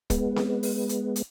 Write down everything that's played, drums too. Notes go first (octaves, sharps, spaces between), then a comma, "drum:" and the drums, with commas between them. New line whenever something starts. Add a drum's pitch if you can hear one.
G#3 B3, drum: kick, hi-hat
drum: snare C4
drum: open hi-hat
drum: hi-hat
drum: hi-hat